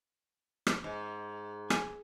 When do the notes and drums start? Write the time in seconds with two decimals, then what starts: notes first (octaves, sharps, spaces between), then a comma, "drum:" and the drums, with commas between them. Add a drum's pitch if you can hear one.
0.67 drum: rim click
0.84 G#2
1.70 G#5, drum: rim click